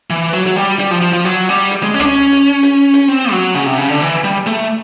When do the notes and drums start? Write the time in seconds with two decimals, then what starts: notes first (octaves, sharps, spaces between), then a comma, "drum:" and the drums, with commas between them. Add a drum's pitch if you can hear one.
0.10 E3
0.33 F#3
0.46 F#3, drum: hi-hat
0.56 G3
0.79 G3, drum: hi-hat
0.91 F3
1.02 F3
1.13 F3
1.25 F#3
1.49 G3
1.71 drum: hi-hat
1.83 G#3
1.94 C#4
2.00 D4, drum: rim click
2.05 C#4
2.32 drum: hi-hat
2.63 drum: hi-hat
2.94 drum: hi-hat
3.08 C4
3.31 F#3
3.55 C#3, drum: hi-hat
3.66 C3
3.78 C#3
3.89 D3
4.01 E3
4.24 G3
4.46 A3, drum: hi-hat